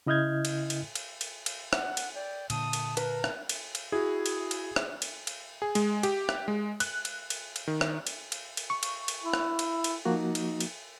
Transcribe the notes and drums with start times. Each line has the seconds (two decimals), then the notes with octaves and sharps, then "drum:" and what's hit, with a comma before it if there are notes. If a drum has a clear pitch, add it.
0.06 C#3 E4 D#5 F6 G6 G#6
0.45 drum: cymbal
0.70 drum: cymbal
0.95 drum: cymbal
1.21 drum: cymbal
1.46 drum: cymbal
1.73 F#5, drum: rim click
1.97 drum: cymbal
2.15 D5 G5
2.50 A#2 D3 A5 D#6, drum: cymbal
2.73 drum: cymbal
2.97 A#4 B4, drum: cymbal
3.24 drum: rim click
3.49 drum: cymbal
3.75 drum: cymbal
3.92 E4 F#4 G#4
4.26 drum: cymbal
4.51 drum: cymbal
4.76 drum: rim click
5.02 drum: cymbal
5.27 drum: cymbal
5.62 G#4
5.75 G#3, drum: cymbal
6.03 G4, drum: cymbal
6.29 drum: rim click
6.48 G#3
6.80 F#6, drum: cymbal
7.05 drum: cymbal
7.30 drum: cymbal
7.56 drum: cymbal
7.67 D#3
7.81 drum: rim click
8.07 drum: cymbal
8.32 drum: cymbal
8.57 drum: cymbal
8.70 C#6
8.83 drum: cymbal
9.08 drum: cymbal
9.23 E4
9.34 drum: rim click
9.59 drum: cymbal
9.84 drum: cymbal
10.05 F3 A#3 D#4 F#4
10.35 drum: cymbal
10.60 drum: cymbal